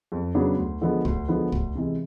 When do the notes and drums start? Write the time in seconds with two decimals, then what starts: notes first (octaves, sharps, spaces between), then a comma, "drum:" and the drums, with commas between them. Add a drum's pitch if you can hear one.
0.12 F2
0.34 C#3 F#3 B3 D4
0.58 D2
0.81 D3 F3 G#3 B3
1.05 D2, drum: kick
1.28 D3 F3 G#3 B3
1.52 D2, drum: kick
1.75 C3 E3 G#3